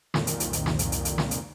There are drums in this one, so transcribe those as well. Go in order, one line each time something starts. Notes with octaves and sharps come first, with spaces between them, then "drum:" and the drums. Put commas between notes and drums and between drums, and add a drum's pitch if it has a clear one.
C2 F2 A#2 D#3, drum: snare
drum: hi-hat
drum: hi-hat
drum: hi-hat
drum: snare
drum: hi-hat
drum: hi-hat
drum: hi-hat
drum: snare
drum: hi-hat